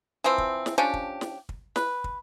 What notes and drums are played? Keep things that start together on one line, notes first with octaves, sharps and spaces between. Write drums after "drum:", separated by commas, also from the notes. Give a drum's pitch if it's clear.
E3 F3 C4
drum: kick
drum: snare
F3 C#4 D4 G4
drum: kick
drum: snare
drum: kick
B4, drum: snare
drum: kick